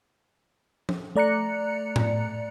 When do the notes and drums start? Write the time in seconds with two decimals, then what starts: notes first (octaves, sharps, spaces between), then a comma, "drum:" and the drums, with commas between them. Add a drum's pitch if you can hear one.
0.89 drum: tom F3
1.16 A3 D5 A#5 F#6 C#7
1.96 drum: tom A2